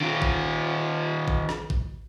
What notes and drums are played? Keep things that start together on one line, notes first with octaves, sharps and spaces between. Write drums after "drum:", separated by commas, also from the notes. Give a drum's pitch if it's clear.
D#3 F4
drum: kick A1
drum: kick A1
drum: rim click
drum: kick A1